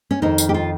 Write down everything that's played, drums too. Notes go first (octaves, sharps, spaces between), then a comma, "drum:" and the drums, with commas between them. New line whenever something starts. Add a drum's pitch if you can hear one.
C#4
F2 D#3 D#4
drum: tambourine
G4
F4